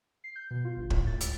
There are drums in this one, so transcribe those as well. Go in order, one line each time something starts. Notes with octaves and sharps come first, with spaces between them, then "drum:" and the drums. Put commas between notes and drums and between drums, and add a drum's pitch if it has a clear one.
C7
G6
B2
F4
G1
A2, drum: kick
A6
C#2, drum: hi-hat